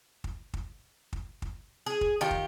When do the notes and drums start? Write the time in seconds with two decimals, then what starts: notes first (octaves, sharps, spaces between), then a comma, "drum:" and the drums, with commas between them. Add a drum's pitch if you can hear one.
0.24 drum: kick
0.54 drum: kick
1.13 drum: kick
1.42 drum: kick
1.86 G#4
2.01 drum: kick
2.21 D#3 F4 G4
2.31 drum: kick